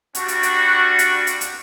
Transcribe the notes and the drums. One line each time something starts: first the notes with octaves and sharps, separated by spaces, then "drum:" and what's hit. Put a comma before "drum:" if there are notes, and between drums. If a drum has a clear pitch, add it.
G3 D4 F#4, drum: hi-hat
drum: hi-hat
F#5, drum: hi-hat
drum: hi-hat
drum: hi-hat
drum: hi-hat